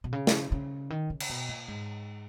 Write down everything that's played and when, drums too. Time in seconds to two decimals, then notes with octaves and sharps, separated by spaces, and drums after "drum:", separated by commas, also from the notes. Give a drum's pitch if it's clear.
0.04 B2
0.13 C#3
0.27 drum: snare
0.52 C#3
0.90 D#3
1.10 C#3
1.20 drum: cymbal
1.29 B2
1.49 A#2
1.68 G#2